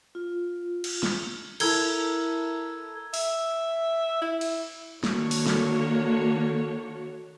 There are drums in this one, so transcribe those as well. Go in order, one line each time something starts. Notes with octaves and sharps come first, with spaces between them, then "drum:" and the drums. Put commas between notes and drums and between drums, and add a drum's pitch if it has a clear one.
F4
drum: cymbal
drum: snare
E4 A4 A#4 E6 G#6 G7, drum: cymbal
E5, drum: open hi-hat
E4
drum: cymbal
D3 D#3 A#3 F#4 A4 C#5, drum: snare
drum: open hi-hat
drum: snare